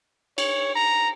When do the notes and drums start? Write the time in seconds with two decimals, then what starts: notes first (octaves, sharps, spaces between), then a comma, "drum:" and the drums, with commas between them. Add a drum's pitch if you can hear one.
0.38 C#5, drum: cymbal
0.75 A#5